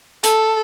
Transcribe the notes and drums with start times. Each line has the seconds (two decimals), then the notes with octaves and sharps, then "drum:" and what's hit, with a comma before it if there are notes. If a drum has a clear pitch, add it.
0.23 A4, drum: hi-hat